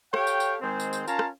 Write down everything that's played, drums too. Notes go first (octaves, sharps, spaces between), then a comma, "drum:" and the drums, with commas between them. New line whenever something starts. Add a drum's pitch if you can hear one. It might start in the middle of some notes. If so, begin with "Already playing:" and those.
G4 A4 C#5 F5 G5, drum: rim click
drum: tambourine
drum: tambourine
D#3 G#3 C4 G#4 C5
drum: tambourine
drum: tambourine
C#4 F4 A#4 F5 A5 A#5, drum: tambourine
drum: rim click